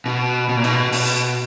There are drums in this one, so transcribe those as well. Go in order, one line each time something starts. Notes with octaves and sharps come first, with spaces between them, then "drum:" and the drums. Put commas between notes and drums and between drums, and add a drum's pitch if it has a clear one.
B2
B2
A#2
B2, drum: tom
B2, drum: open hi-hat